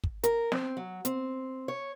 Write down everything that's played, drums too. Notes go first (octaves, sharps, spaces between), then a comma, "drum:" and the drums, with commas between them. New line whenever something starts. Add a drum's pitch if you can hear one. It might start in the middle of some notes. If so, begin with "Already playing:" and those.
drum: kick
A#4, drum: hi-hat
C4, drum: snare
F#3
C4, drum: hi-hat
C#5